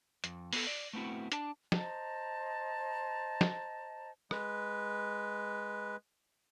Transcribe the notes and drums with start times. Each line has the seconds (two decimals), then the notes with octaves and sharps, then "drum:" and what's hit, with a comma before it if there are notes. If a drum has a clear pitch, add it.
0.24 F2, drum: hi-hat
0.53 B3 A4, drum: open hi-hat
0.67 D5
0.93 A3 B3 C4 E4 F#4
1.32 D4 A5, drum: hi-hat
1.72 C5 D#5 A5 A#5, drum: snare
3.41 drum: snare
4.31 G#3 B4, drum: rim click